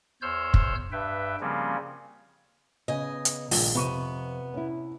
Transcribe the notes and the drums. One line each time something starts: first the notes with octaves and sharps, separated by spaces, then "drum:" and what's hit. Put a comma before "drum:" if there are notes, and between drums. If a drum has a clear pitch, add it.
E2 C5 C#5 E6 F6 G6
drum: kick
G2 B4 E5 G5
C#3 F3 G3 A#3 C4 C#4
C#3 B3 D#5 G#5
drum: hi-hat
A#1 D#3 G#3 A5, drum: open hi-hat
F2 C3 B3 C#6 D#7
C#4 E4